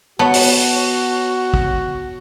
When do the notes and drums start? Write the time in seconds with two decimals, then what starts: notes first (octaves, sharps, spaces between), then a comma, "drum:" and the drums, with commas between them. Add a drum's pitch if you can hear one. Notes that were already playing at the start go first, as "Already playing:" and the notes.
0.19 B3 F#4 C#5 A5
0.34 drum: open hi-hat
1.54 drum: kick